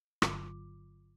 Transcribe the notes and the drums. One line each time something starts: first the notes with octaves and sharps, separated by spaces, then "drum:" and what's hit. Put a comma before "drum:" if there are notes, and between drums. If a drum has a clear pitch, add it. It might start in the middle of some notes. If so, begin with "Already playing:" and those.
G1 G2 D3 F#3 F4 D6, drum: rim click